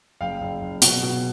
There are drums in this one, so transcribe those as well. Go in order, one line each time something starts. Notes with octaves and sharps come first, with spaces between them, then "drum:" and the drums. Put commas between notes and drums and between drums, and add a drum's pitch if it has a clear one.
F#1 F5 G5
F#1
F#1
B2, drum: hi-hat
B2